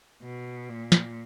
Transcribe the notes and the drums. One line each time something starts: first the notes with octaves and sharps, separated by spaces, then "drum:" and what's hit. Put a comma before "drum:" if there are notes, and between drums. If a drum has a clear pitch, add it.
B2
A#2
drum: snare